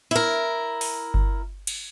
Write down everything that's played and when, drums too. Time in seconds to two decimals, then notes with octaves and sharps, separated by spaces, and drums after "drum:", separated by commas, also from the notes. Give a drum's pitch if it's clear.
0.11 E4 A#4
0.81 drum: open hi-hat
1.14 drum: kick G1
1.67 drum: cymbal